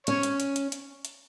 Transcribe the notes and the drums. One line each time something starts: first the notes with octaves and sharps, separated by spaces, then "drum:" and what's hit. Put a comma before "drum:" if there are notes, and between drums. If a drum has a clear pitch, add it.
C#4 C#5, drum: hi-hat
drum: hi-hat
drum: hi-hat
drum: hi-hat
drum: hi-hat
drum: hi-hat